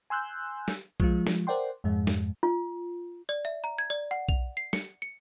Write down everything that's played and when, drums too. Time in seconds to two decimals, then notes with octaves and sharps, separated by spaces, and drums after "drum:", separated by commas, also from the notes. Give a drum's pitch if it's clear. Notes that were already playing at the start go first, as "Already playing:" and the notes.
0.10 G#5 C6 E6 F#6 G6
0.68 drum: snare
1.00 F3 G#3 F4, drum: kick B1
1.27 drum: snare
1.47 A#4 C5 D5 F#5 G5 C6
1.84 F2 G#2 G#3
2.07 drum: snare
2.43 F4
3.29 D5
3.45 E5
3.64 A#5
3.79 G#6
3.90 D5
4.11 F#5
4.29 F7, drum: kick B1
4.57 C7
4.73 C#7, drum: snare
5.02 C#7